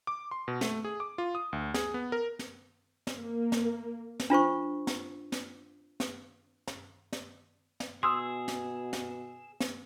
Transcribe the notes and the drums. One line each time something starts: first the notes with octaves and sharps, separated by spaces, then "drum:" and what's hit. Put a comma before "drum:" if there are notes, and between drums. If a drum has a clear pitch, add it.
D6
C6
B2
A3, drum: snare
G#4
D6
F4
D#6
D2
G#4, drum: snare
B3
A#4
drum: snare
drum: snare
A#3
drum: snare
drum: snare
D4 F4 C5 C#6
drum: snare
drum: snare
drum: snare
drum: snare
drum: snare
drum: snare
B2 G#4 C6 D#6 E6
drum: snare
drum: snare
drum: snare